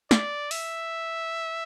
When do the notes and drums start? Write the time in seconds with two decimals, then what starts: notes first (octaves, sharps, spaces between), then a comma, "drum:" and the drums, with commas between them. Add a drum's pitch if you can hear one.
0.11 D5, drum: snare
0.51 E5, drum: open hi-hat